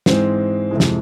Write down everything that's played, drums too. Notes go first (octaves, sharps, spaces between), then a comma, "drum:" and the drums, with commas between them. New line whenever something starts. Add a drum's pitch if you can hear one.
G#2 E3 G#3 C4, drum: snare
F2 C3 E3 G#3
drum: snare